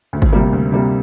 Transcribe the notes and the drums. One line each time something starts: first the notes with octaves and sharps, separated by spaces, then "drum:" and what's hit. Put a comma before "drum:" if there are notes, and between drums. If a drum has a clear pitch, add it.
D2
drum: kick G#1
C3 G3 A#3
D2
C3 G3 A#3